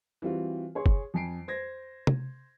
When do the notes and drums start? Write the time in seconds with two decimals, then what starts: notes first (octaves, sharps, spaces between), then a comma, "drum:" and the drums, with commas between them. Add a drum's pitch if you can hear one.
0.22 E3 G3 C4 F4 F#4
0.75 G#4 C#5 C6
0.86 drum: kick F#1
1.14 F2 G#5 C7 D7
1.48 C5 G#6 A#6
2.07 drum: tom